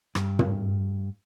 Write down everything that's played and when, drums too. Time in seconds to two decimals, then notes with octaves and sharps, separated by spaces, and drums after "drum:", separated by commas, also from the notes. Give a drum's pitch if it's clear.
0.15 G2, drum: rim click
0.39 drum: tom